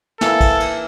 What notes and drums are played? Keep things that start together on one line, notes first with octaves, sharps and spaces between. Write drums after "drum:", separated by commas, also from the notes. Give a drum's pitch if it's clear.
E3 A#3 E4 A4, drum: snare
drum: kick, cymbal
drum: cymbal